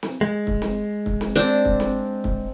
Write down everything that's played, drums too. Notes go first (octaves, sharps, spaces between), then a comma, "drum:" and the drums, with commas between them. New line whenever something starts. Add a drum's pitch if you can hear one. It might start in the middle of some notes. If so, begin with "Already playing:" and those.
drum: snare
G#3
drum: kick
drum: snare
drum: kick
drum: snare
C4 D4
drum: kick
drum: snare
drum: kick